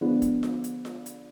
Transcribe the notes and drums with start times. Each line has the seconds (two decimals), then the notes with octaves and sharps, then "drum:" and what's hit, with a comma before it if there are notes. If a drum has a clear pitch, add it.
0.01 D3 F3 G#3 B3 D4
0.22 drum: kick, hi-hat
0.43 drum: snare F4
0.64 drum: hi-hat
0.85 drum: snare F4
1.06 drum: hi-hat